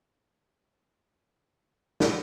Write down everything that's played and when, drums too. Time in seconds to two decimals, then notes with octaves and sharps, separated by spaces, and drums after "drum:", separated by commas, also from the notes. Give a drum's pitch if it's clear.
0.06 E4
1.65 F#4 A4 C5 G#5 B5 D#6
2.00 drum: snare